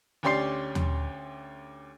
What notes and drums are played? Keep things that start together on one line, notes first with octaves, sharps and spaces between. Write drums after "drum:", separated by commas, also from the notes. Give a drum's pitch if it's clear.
D2 C#4 G4 D5 C6 C7
drum: tom D#2